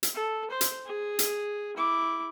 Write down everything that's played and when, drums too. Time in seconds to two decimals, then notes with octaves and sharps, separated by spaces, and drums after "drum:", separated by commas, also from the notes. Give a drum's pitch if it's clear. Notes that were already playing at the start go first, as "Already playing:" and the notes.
0.03 drum: hi-hat
0.15 A4
0.50 C5
0.61 drum: hi-hat
0.86 G#4
1.19 drum: hi-hat
1.77 E4 D6